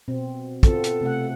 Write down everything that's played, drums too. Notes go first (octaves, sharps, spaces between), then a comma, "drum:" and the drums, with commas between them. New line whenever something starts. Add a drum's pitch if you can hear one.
B2 C4
B3 C4 F4 A4, drum: kick, hi-hat
drum: hi-hat
C3 A3 F#5